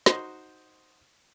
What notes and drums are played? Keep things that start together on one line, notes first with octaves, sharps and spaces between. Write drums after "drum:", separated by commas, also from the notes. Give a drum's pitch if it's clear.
D#4 F#4 C5 C6, drum: snare